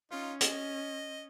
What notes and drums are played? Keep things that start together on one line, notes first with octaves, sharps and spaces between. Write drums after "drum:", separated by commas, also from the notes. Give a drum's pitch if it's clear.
C#4 D#4 F4
D#5, drum: hi-hat